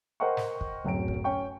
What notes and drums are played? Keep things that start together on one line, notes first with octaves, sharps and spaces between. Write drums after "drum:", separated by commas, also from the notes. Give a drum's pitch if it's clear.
A#4 C5 D#5 F#5 G5 C#6
drum: snare
drum: kick
D1 F#2 G5 D7
drum: kick
C#4 G5 C#6